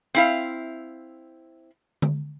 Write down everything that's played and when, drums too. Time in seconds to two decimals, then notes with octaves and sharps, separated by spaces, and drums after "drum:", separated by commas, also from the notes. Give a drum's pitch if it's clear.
0.15 C4 E4 F5, drum: hi-hat
2.02 drum: tom D3